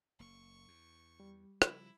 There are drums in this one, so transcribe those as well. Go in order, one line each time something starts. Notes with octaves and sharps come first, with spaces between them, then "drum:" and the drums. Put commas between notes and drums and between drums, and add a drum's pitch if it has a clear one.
F#1 A#3 C#6
E2
G3
C#3 F3 E4, drum: rim click